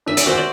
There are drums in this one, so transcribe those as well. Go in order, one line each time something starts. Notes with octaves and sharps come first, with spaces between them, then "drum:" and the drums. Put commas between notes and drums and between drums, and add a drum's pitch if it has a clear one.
D4 E5
D5, drum: hi-hat
F#4 C5
D5